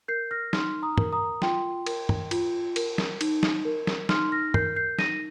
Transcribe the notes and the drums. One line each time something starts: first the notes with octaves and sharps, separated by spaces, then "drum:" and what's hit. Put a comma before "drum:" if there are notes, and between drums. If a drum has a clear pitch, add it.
A#4 G6 C7
F6 A#6
D#4 C6 F6, drum: snare
A#5 D#6
A#4, drum: tom G2
A#5 D#6
F4 G5 C6, drum: snare
A#4, drum: cymbal
drum: tom G2
F4, drum: cymbal
A#4, drum: cymbal
drum: snare
D#4, drum: cymbal
drum: snare
A#4
drum: snare
D#4 C6 F6, drum: snare
F6 A#6
A#4 G6 C7, drum: tom G2
G6 C7
D#4 A#6 D#7, drum: snare